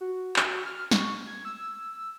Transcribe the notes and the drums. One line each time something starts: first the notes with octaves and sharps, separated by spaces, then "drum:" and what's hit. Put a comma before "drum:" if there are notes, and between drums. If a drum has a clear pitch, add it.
F#4
drum: clap
F6
C#6, drum: snare
G#6
E6